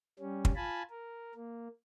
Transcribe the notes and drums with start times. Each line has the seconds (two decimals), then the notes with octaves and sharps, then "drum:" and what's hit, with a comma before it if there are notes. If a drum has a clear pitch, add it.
0.19 G3 C#4
0.45 drum: kick
0.56 F4 G#5 A5 B5
0.90 A#4
1.35 A#3